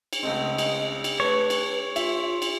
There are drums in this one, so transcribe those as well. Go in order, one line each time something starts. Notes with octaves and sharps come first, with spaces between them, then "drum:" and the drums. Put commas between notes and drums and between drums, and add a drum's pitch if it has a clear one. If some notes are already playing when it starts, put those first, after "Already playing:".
drum: cymbal
C#2 A3 C4 D#5
drum: cymbal
drum: cymbal
A3 B4 C#5
drum: cymbal
F4 E5, drum: cymbal
drum: cymbal